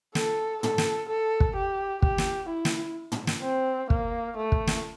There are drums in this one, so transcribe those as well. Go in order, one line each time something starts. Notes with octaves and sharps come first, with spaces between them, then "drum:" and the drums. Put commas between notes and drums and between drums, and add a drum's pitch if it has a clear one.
A4, drum: snare
A4, drum: tom
drum: snare
A4
drum: kick
G4
G4, drum: kick
drum: snare
E4
drum: snare
drum: tom
drum: snare
C4
A#3, drum: kick
A3
drum: kick
drum: snare